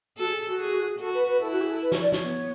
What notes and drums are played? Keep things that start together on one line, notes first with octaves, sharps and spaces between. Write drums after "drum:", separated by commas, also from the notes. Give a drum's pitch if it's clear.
F#4 A4
G#4
G#4
F#4
G#4
F#4 A4
B4
B4
E4 A4
F#4
G#4
A4
B4
C#5, drum: snare
D5
C#5, drum: snare
B3